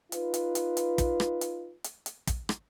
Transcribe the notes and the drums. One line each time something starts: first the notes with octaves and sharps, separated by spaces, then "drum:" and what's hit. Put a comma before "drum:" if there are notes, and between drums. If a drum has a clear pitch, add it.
D#4 F4 B4, drum: hi-hat
drum: hi-hat
drum: hi-hat
drum: hi-hat
drum: kick, hi-hat
drum: rim click
drum: hi-hat
drum: hi-hat
drum: hi-hat
drum: kick, hi-hat
drum: rim click